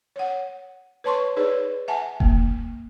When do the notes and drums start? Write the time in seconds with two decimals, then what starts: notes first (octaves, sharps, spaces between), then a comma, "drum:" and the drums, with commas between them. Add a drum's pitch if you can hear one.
0.16 C#5 F#5
1.04 B4 C#5 A5 C6 C#6
1.36 D#4 G#4 B4 C#5 D5
1.88 E5 F#5 G#5 A5
2.20 A#3, drum: kick E1